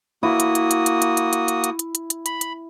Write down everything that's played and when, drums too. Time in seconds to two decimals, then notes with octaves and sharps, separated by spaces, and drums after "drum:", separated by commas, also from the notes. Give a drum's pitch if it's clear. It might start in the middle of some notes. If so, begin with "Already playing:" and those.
0.23 A#3 E4 F#4 D#6
0.40 drum: hi-hat
0.55 drum: hi-hat
0.71 drum: hi-hat
0.86 drum: hi-hat
1.02 drum: hi-hat
1.17 drum: hi-hat
1.33 drum: hi-hat
1.48 drum: hi-hat
1.64 drum: hi-hat
1.79 drum: hi-hat
1.95 drum: hi-hat
2.10 drum: hi-hat
2.26 B5, drum: hi-hat
2.41 drum: hi-hat